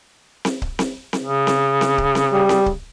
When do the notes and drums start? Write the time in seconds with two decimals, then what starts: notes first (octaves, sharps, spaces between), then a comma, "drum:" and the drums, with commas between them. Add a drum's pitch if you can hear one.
0.45 drum: snare C4
0.62 drum: kick C#1
0.79 drum: snare C4
1.13 drum: snare C4
1.23 C#3
1.47 drum: snare C4
1.81 drum: snare C4
1.98 drum: kick C#1
2.15 drum: snare C4
2.32 G3
2.49 drum: snare C4
2.66 drum: kick C#1